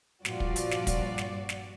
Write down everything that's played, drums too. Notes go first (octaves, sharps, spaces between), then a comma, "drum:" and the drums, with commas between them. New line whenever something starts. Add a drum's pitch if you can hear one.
G2 A#2 F3 F4 F#4 D5, drum: snare
drum: kick
drum: hi-hat
drum: snare
drum: kick, hi-hat
drum: snare
drum: snare